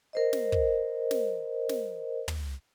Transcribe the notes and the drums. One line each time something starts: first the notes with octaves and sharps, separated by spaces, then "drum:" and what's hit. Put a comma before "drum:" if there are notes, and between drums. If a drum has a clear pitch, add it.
A#4 C5 D#5
drum: snare
drum: kick
drum: snare
drum: snare
drum: tom